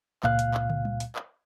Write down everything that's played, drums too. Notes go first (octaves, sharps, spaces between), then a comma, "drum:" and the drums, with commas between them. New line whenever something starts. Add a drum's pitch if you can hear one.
C#2 A#2 F5 F#6, drum: clap
drum: hi-hat
drum: clap
drum: tom
drum: tom G3
drum: hi-hat
drum: clap